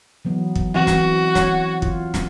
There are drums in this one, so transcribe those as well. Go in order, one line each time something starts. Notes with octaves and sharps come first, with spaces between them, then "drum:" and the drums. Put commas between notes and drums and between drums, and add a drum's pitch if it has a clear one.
E3 F#3 B3
drum: kick
E3 C4 F#4
drum: snare
C#5, drum: snare
F4, drum: kick
drum: snare